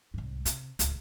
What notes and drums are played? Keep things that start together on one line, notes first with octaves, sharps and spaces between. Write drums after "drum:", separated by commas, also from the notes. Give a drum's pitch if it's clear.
C2 G#2
C3, drum: hi-hat
D1 C#2, drum: hi-hat